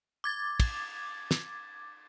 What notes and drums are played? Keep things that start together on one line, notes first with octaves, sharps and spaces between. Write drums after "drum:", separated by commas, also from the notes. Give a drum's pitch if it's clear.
D6 G#6 A6
drum: kick, cymbal
drum: snare